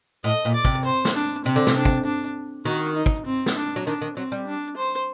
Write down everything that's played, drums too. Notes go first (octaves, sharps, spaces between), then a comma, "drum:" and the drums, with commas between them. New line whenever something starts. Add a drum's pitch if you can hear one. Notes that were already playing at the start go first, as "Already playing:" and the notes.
A2 D#5
A#2
D5
C3, drum: kick
C5
drum: snare
D4
C3 C4
D3
C3, drum: snare
D4
drum: kick
D4
D#3 F#4
D#4
drum: kick
C4
drum: snare
D4
F#3
D#3 D4
D#3
F#3 C4
G3
D4
C5